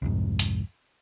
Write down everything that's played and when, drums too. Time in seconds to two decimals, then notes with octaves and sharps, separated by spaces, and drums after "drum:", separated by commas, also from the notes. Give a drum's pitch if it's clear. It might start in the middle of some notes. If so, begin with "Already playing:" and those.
0.02 C2 F2 G#2
0.39 drum: hi-hat